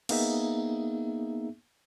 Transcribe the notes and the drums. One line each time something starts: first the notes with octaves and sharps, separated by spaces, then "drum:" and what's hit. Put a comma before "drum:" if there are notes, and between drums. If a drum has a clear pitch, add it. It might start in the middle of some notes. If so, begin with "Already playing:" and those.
A#3 B3 D#4 G#4 E5, drum: cymbal